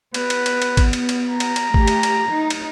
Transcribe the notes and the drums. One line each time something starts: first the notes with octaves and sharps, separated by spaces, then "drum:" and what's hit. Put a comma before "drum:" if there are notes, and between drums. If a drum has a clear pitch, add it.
B3 B4, drum: cymbal
drum: cymbal
drum: cymbal
drum: cymbal
drum: kick, cymbal
drum: cymbal
drum: cymbal
A#5
drum: cymbal
drum: cymbal
A3 G4, drum: kick
drum: cymbal
drum: cymbal
D#4
drum: cymbal